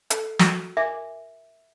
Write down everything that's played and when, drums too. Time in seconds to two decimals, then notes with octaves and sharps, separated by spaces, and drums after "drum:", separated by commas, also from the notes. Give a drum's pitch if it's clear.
0.10 A4, drum: hi-hat
0.39 F#4, drum: snare
0.77 A#4 E5 G#5 D6